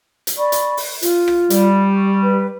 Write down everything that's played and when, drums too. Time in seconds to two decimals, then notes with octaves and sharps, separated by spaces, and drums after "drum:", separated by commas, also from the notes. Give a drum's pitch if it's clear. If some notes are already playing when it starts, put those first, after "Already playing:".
0.27 drum: hi-hat
0.38 D5 B5 C#6
0.52 drum: hi-hat
0.77 drum: open hi-hat
1.02 F4, drum: hi-hat
1.28 drum: rim click
1.50 G3, drum: hi-hat
1.95 C#6
2.23 B4